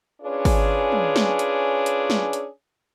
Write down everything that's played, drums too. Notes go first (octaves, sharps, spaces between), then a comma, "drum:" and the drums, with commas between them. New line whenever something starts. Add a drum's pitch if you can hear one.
C#4 D4 F4 G#4 B4 C#5
drum: kick G#1, open hi-hat
drum: tom
drum: snare
drum: hi-hat
drum: hi-hat
drum: snare
drum: hi-hat